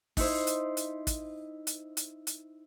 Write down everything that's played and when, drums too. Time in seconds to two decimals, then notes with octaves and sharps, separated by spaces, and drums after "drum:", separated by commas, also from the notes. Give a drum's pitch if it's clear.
0.17 D#4 E4 C5, drum: kick, open hi-hat
0.47 drum: hi-hat
0.77 drum: hi-hat
1.07 drum: kick, hi-hat
1.67 drum: hi-hat
1.97 drum: hi-hat
2.27 drum: hi-hat